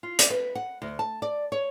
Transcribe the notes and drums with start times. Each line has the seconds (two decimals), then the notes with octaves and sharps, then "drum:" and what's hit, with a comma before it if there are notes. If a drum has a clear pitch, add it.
0.03 F4
0.19 D5, drum: hi-hat
0.30 B4
0.55 F#5
0.82 D2
0.99 A5
1.22 D5
1.52 C#5